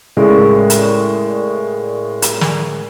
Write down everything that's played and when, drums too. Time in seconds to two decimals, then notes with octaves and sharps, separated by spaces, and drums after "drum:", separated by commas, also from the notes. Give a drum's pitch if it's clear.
0.17 A2 C#3 G#3 A#4 D5 C#6
0.70 drum: hi-hat
2.22 drum: hi-hat
2.41 drum: snare